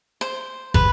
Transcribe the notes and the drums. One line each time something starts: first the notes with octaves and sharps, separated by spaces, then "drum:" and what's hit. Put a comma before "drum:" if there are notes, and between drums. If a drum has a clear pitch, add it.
C5
B4, drum: kick